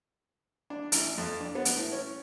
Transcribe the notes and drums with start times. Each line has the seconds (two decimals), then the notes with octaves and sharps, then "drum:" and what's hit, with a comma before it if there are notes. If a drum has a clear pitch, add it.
0.70 D4
0.92 A1, drum: hi-hat
1.18 F2
1.40 D4
1.55 B3
1.65 drum: hi-hat
1.76 A2
1.92 C#4